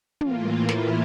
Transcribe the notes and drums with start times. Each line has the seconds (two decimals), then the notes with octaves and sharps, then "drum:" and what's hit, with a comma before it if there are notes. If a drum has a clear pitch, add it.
0.21 A2 E3 A#3 F4, drum: tom
0.69 E4, drum: snare